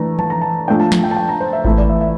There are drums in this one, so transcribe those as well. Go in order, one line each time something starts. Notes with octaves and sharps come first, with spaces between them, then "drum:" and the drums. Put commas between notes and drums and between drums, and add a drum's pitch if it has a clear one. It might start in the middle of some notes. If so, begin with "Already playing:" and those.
Already playing: E3 A3 D4 A#5
A5, drum: tom E3
A#5
A5
F3 A3 D4 G5
A5
A5, drum: snare
G5
A5
G5
A#5
C5
E5
E3 A3 E4 E5, drum: kick G#1
D5
E5
E5